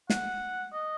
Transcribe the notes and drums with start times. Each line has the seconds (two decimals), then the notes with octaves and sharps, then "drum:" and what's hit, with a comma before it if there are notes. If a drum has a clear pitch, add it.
0.10 F#5, drum: snare
0.73 D#5